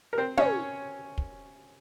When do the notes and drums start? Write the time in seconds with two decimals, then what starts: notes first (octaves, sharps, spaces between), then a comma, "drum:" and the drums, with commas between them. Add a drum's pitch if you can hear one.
0.13 A#4
0.18 C4 C5
0.37 C#4 C#5, drum: tom
1.18 drum: kick